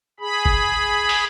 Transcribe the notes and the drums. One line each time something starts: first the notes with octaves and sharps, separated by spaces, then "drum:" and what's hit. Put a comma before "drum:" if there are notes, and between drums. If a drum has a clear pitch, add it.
G#4 B5
drum: kick G1
drum: open hi-hat